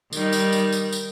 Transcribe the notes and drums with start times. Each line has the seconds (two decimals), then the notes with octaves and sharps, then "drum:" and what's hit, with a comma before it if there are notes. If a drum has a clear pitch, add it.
0.13 D#3 G3 D#4, drum: tambourine
0.33 drum: tambourine
0.53 drum: tambourine
0.72 drum: tambourine
0.92 drum: tambourine